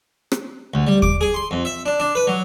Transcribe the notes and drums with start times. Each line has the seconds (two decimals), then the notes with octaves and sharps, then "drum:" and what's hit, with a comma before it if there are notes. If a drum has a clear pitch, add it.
0.32 drum: rim click
0.74 D2
0.87 G3
1.02 D6, drum: kick D#2
1.21 G#4
1.34 C6
1.51 F2
1.65 E5
1.86 D4
2.00 D4
2.15 B4
2.27 F#3